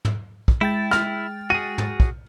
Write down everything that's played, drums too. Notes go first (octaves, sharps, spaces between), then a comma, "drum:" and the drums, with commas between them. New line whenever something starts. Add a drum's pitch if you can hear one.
drum: tom
drum: kick
G#3 E4 G5 A6
F6, drum: rim click
F#4 G#4 D#7
drum: tom
drum: kick